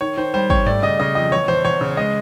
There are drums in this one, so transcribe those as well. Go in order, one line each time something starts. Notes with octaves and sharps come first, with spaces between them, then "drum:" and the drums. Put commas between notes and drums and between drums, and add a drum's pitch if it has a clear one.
D#3 C#5
D#3 C5
G3 C5
G3 C#5, drum: kick
A3 D5, drum: tom G2
C#3 D#5
C#3 D#5
F2 D#5
E2 C#5
E2 C5
E2 C#5
C#3
G#3 D#5